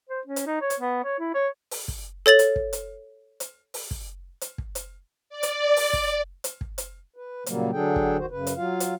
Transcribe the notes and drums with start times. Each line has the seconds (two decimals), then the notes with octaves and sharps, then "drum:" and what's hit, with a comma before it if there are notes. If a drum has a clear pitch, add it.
0.09 C5
0.27 C#4
0.36 drum: hi-hat
0.46 D#4
0.61 C#5
0.70 drum: hi-hat
0.80 B3
1.04 C#5
1.19 E4
1.34 C#5
1.71 drum: open hi-hat
1.88 drum: kick
2.26 A4 C#5 A6 F#7
2.39 drum: hi-hat
2.56 drum: kick
2.73 drum: hi-hat
3.40 drum: hi-hat
3.74 drum: open hi-hat
3.91 drum: kick
4.41 drum: hi-hat
4.58 drum: kick
4.75 drum: hi-hat
5.30 D5
5.43 drum: hi-hat
5.76 drum: open hi-hat
5.93 drum: kick
6.44 drum: hi-hat
6.61 drum: kick
6.78 drum: hi-hat
7.16 B4
7.46 A#2 C#3 F#3 G3 A#3, drum: hi-hat
7.73 D3 F#3 D4 G#4 A4 G5
7.96 drum: kick
8.18 D#2 D#3 F#4 C5
8.31 F#2 C#3 B4
8.47 drum: hi-hat
8.56 F#3 F4 F5
8.80 drum: hi-hat